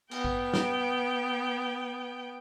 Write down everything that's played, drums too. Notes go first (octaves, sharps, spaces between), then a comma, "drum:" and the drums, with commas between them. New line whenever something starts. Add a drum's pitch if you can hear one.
B3 G5, drum: cymbal
drum: kick G#1
drum: snare